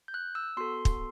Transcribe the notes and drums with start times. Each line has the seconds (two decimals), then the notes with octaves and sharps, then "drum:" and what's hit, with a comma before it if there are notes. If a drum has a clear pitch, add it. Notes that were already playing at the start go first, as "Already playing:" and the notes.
0.08 G6
0.14 F#6
0.35 E6
0.57 B3 F#4 A4 C6
0.85 drum: kick